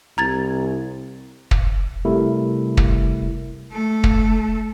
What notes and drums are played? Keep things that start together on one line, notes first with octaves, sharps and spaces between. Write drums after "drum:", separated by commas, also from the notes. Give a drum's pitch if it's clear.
C2 A#5 G#6 A6
drum: kick
C3 G3 A3 E4 G4 A#4
drum: kick
A3 A4
drum: kick